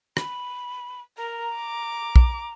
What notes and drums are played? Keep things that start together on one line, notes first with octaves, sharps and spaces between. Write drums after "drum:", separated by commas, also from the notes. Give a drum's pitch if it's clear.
B5, drum: rim click
A#4 A#5
D6
drum: kick